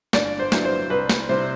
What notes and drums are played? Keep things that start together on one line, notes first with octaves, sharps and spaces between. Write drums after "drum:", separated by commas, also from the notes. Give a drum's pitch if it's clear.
G1 D5, drum: snare
C5
G2 F#3 B3 E4, drum: snare
C5
C2 B4
drum: snare
C3 G3 C4 E4 C5